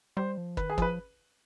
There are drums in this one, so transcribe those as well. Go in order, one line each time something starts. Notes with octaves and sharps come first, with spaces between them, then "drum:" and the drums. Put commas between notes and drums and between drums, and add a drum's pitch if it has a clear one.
G3 C5
F3
D#3 B4, drum: kick
G#4
F3 B4, drum: kick